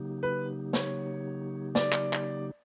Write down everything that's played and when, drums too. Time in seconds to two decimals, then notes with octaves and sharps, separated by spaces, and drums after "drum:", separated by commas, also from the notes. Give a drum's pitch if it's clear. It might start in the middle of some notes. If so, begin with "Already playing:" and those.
Already playing: C#3 F#3 A#3 D#4 G4
0.23 B4
0.73 C#5, drum: snare
1.75 D5, drum: snare
1.93 drum: clap
2.13 drum: clap